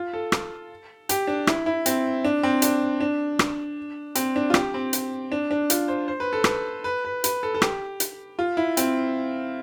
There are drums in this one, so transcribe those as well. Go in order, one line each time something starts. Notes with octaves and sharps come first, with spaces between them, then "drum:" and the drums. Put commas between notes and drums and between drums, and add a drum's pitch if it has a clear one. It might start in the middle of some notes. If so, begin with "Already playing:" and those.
Already playing: F4
A4
drum: rim click
G4, drum: hi-hat
D4
E4, drum: rim click
E4
C4, drum: hi-hat
D4
C4
D4, drum: hi-hat
D4
drum: rim click
C4, drum: hi-hat
D4
F4
G4, drum: rim click
C4
drum: hi-hat
D4
D4
F4, drum: hi-hat
C5
C5
B4
A4
B4, drum: rim click
B4
B4
B4, drum: hi-hat
A4
A4
G4, drum: rim click
drum: hi-hat
F4
E4
C4, drum: hi-hat